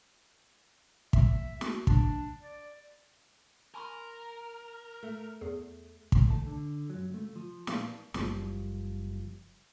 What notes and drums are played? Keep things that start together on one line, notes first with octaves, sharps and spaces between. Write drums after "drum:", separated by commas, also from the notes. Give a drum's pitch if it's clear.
E5, drum: kick
F#4, drum: snare
D4, drum: kick
D5
A#4 G#5 B5 C6
A3
E2 G#4
drum: kick
D2 A3 A5
D3
F#2 F#3
C#2 A3
F3
A#2 B4 D5 E5 F5, drum: snare
F#1 F3 G3, drum: snare